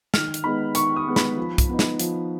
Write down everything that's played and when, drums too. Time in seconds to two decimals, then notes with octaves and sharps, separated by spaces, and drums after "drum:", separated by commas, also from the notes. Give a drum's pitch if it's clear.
0.14 D#3 F6, drum: snare
0.34 drum: hi-hat
0.44 G#3 B3 D#4 B5
0.75 D#3 C#6, drum: hi-hat
0.96 D#6
1.07 G#3 B3 D#4
1.16 B5, drum: snare
1.37 F3
1.58 drum: kick, hi-hat
1.69 B3 D#4
1.79 drum: snare
2.00 F3, drum: hi-hat